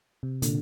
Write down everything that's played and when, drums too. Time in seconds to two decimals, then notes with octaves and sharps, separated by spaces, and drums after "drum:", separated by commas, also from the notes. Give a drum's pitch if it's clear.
0.23 C3
0.42 A#2 D3, drum: hi-hat